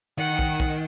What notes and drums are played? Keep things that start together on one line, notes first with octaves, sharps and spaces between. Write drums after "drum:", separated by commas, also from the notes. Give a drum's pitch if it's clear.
D#3 F#5
drum: kick
drum: kick